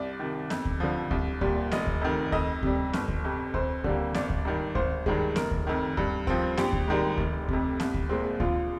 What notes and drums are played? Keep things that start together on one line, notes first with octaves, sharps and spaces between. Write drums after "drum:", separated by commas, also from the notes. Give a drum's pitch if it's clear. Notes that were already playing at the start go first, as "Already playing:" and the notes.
Already playing: C2 D5
C3 D#3
F2, drum: snare B3
drum: kick D2
D3 F3
C2, drum: kick D2
A#2 G3, drum: kick D2
F1 D#5, drum: snare B3
drum: kick D2
F2 D#3
F2 D#5, drum: kick D2
C3 G3, drum: kick D2
G1, drum: snare B3
drum: kick D2
F2 C3
F2 C5, drum: kick D2
D3 G3 A#3, drum: kick D2
G#1 D5, drum: snare B3
drum: kick D2
G2 D#3
G#1 C5, drum: kick D2
G2 D#3 G#3, drum: kick D2
F1 A#4, drum: snare B3
drum: kick D2
F2 D#3
G2, drum: kick D2
F3 C4, drum: kick D2
A#1 G4, drum: snare B3
drum: kick D2
G#2 D#3 G3
F1, drum: kick D2
F2 C3, drum: kick D2
C2, drum: snare B3
drum: kick D2
A#2 G#3 C4
A#1 F4, drum: kick D2